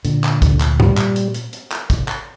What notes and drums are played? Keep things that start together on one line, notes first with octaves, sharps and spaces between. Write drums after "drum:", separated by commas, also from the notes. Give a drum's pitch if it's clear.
A#2 D3, drum: hi-hat
drum: clap
D2, drum: kick, hi-hat
drum: clap
G3, drum: tom G2
drum: clap
drum: hi-hat
drum: hi-hat
drum: hi-hat
drum: clap
drum: kick, hi-hat
drum: clap